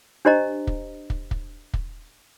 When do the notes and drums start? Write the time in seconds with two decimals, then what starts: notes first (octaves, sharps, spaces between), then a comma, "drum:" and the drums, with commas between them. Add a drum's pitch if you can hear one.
0.25 D4 G4 C5 D#5 A#5
0.67 drum: kick
1.10 drum: kick
1.31 drum: kick
1.74 drum: kick